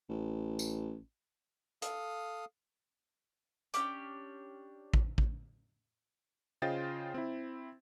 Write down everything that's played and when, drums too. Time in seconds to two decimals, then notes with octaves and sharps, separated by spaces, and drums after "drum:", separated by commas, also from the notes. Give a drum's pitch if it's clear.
0.09 A1
0.59 drum: tambourine
1.82 A4 F5 D#6, drum: hi-hat
3.74 C#4 D4 G4 D6, drum: hi-hat
4.94 drum: kick A1
5.18 drum: kick A1
6.62 C#3 F4 C5 D#5 G5 A6
7.14 C4 E4